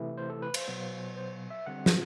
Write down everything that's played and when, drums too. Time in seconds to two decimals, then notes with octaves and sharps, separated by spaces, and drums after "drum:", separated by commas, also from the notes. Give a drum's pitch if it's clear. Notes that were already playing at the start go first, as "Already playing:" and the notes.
Already playing: C3 E3 A3 E4
0.17 C5
0.30 A4
0.42 B4
0.54 C5, drum: cymbal
0.68 B2 F#3 B3
1.17 C5
1.50 E5
1.66 D3 G3 C4 F#5
1.86 D5, drum: snare